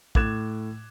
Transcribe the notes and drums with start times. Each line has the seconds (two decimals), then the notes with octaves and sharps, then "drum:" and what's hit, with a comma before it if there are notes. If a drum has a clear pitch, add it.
0.15 A2 D6 F#6 G#6 A6 E7, drum: kick